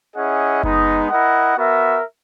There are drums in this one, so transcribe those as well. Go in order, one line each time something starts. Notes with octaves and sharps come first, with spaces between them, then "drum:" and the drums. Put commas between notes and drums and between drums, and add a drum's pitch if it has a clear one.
C#4 E4 G#4 D#5 F#5
G#3 B3 D#4, drum: kick F#1
E4 A#4 D#5 F#5
B3 F#4 A#4 E5